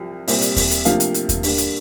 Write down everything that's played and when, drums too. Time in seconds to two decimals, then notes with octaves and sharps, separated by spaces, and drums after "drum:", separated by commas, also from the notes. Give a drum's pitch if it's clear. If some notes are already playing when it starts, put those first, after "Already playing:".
Already playing: C2 C3 F3 C4
0.28 C2 A#2 G3 C4, drum: open hi-hat
0.42 drum: hi-hat
0.56 drum: kick D#2, open hi-hat
0.71 drum: hi-hat
0.85 D2 C3 F3 A#3 F5, drum: hi-hat
1.00 drum: hi-hat
1.14 drum: hi-hat
1.29 drum: kick D#2, hi-hat
1.43 G2 D3 G3 A#3, drum: open hi-hat
1.58 drum: hi-hat